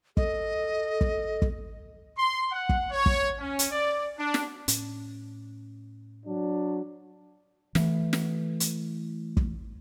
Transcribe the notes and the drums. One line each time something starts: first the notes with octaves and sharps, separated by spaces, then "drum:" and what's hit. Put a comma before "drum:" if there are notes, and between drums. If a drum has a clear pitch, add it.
A4 D#5, drum: kick
drum: kick
drum: kick
C6
F#5
drum: kick
C#5
drum: kick
C#4
drum: hi-hat
D5
D4
drum: snare
A2 C#4, drum: hi-hat
F#3 D4
E3 A3, drum: snare
drum: snare
drum: hi-hat
drum: kick